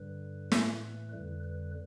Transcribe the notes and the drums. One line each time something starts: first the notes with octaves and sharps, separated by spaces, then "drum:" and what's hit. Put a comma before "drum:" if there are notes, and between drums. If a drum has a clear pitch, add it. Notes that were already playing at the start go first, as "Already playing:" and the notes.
Already playing: G2 D3 G3 B4
A2 E3 A3, drum: snare
F2 D3 G3 B4
B4